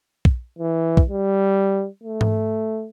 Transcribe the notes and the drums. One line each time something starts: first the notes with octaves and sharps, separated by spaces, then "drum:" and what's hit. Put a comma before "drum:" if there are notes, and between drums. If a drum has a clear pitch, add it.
drum: kick
E3
drum: kick
G3
A3
drum: tom G#2